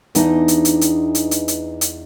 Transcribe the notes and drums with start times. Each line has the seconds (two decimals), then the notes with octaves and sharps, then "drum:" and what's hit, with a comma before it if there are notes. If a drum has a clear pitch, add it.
0.15 E2 E3 D4 D#4 D#5, drum: hi-hat
0.48 drum: hi-hat
0.65 drum: hi-hat
0.81 drum: hi-hat
1.15 drum: hi-hat
1.31 drum: hi-hat
1.48 drum: hi-hat
1.81 drum: hi-hat